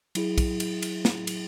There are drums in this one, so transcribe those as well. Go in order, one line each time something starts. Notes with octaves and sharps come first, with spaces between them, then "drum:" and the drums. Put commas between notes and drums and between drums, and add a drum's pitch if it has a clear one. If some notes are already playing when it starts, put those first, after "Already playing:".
F#3 E4 G#4, drum: cymbal
drum: kick, cymbal
drum: cymbal
drum: cymbal
drum: snare
drum: cymbal